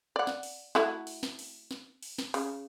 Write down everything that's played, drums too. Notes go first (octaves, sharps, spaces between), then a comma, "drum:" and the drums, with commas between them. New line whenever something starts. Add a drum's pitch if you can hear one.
D5 F#5
drum: snare
drum: open hi-hat
A3 E4 F#4, drum: snare
drum: open hi-hat
drum: snare
drum: open hi-hat
drum: snare
drum: open hi-hat
drum: snare
C#3, drum: open hi-hat